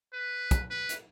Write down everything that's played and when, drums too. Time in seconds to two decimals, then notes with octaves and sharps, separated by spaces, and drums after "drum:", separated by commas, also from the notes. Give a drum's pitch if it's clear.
0.13 B4
0.51 drum: kick, hi-hat
0.70 B4
0.89 drum: hi-hat